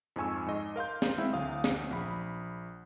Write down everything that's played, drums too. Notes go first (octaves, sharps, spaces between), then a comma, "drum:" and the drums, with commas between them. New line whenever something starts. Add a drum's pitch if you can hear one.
F2 G#2 F3 G#5 C#6 E6
G#2 D#5
A#4 F5 C6 G6
drum: snare
G#3 C4 E4 E5 F5
D2 F#3 F5 D#6
drum: snare
A#1 B5